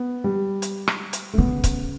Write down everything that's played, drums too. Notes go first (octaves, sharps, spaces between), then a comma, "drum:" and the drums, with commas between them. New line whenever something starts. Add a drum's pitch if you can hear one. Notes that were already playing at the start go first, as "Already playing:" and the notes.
Already playing: B3
G3
drum: hi-hat
drum: rim click
drum: hi-hat
A3
C#3 B3
drum: kick C#1, hi-hat